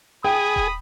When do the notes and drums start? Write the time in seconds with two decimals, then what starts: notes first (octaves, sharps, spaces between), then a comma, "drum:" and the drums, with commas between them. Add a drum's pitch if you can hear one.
0.25 G#4 G5 B5 D#6
0.56 drum: kick D#1